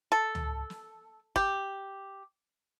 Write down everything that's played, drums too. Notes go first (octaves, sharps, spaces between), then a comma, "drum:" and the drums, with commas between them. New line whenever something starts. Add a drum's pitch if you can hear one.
A4
drum: tom C#2
drum: snare
G4, drum: kick